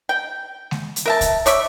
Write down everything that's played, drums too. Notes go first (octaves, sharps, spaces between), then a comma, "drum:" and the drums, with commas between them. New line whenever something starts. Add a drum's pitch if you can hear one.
G5
drum: snare G#3
drum: hi-hat
A#4 E5 A5
drum: kick C2, hi-hat
C#5 D5 E5, drum: hi-hat